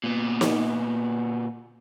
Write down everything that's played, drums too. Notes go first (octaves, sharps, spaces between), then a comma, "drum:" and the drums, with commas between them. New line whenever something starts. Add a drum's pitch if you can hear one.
A#2 B3
drum: snare